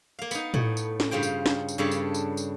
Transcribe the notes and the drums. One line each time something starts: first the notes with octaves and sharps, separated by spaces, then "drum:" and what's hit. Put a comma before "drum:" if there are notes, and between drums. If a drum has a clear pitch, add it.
A#3 F5
B3 D#4, drum: tambourine
A2, drum: tom A2
drum: tambourine
drum: snare
G2 C#3 F4 C5 G5
drum: tambourine
drum: snare
drum: tambourine
G2 C#3 D4 A4 B4 C#5
drum: tambourine
drum: tambourine
drum: tambourine